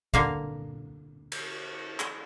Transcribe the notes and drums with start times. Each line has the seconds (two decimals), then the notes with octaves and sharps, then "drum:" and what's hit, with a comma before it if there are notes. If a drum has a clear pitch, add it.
0.14 D3 A#3 F5, drum: kick G1
1.32 drum: cymbal
2.00 drum: clap